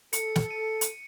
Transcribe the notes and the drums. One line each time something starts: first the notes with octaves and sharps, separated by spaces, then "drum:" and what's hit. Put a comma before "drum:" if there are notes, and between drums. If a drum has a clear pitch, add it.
A4 C#7, drum: hi-hat
drum: snare
D#7
drum: hi-hat